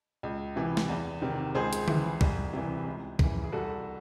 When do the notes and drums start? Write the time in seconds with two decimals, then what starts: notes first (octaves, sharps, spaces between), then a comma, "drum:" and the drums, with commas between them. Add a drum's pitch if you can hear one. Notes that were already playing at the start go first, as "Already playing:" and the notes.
0.23 C#2
0.56 C3 E3
0.77 drum: snare
0.89 E2
1.22 C3 D#3
1.55 C#2 G#4 C5
1.73 drum: hi-hat
1.88 C#3 E3, drum: tom D3
2.21 C2, drum: kick
2.53 C3 E3
2.87 C#2
3.19 C#3 E3, drum: kick
3.44 G#4
3.52 C2 F#4 A4